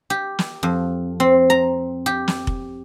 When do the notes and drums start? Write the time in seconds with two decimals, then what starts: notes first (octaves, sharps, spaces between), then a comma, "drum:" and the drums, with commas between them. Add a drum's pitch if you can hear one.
0.10 G4
0.39 drum: snare
0.63 F2
1.20 C4
1.50 A#5
2.06 G4
2.28 drum: snare
2.47 drum: kick F1